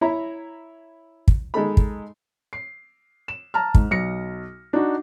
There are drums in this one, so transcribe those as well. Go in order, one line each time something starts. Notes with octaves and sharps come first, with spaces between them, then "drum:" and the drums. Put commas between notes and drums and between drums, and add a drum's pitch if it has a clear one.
E4 C#5 A#5 B5
drum: kick
G#3 D#4 A4 B5
drum: kick
C7
E7
A5 A#5 F6
G#2, drum: kick
B1 A#6 C#7
D4 D#4 F#4